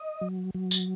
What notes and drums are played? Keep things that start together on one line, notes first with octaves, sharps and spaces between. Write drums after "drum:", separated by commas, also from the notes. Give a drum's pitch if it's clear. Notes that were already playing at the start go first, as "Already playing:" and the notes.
Already playing: D#5
F#3
F#3
drum: tambourine